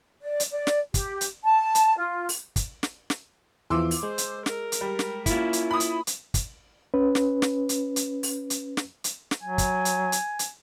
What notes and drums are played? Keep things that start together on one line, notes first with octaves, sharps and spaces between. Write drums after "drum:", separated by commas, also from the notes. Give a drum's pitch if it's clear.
D5
drum: hi-hat
D5
drum: snare
G4, drum: kick, hi-hat
drum: hi-hat
A5
drum: hi-hat
F4
drum: open hi-hat
drum: kick, hi-hat
drum: snare
drum: snare
E2 E3 F3 C6 D6 E6
drum: open hi-hat
G#3 C5
drum: hi-hat
A#4, drum: snare
drum: hi-hat
G3
drum: snare
A#3 C#4 E4 F4, drum: kick, hi-hat
drum: hi-hat
B5 D#6
drum: hi-hat
drum: hi-hat
drum: kick, hi-hat
C#4 B4
drum: snare
drum: snare
drum: hi-hat
drum: hi-hat
drum: open hi-hat
drum: hi-hat
drum: snare
drum: hi-hat
drum: snare
F#3 G#5
drum: kick, hi-hat
drum: hi-hat
drum: hi-hat
drum: hi-hat